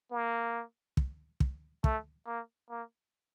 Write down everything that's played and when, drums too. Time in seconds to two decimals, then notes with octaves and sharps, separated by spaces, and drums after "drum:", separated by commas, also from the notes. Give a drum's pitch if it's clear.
0.11 A#3
0.97 drum: kick
1.40 drum: kick
1.84 A3, drum: kick
2.27 A#3
2.70 A#3